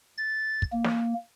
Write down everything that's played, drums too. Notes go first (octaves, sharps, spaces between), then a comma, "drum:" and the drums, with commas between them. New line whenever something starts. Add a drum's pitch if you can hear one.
A6
drum: kick
A#3
drum: snare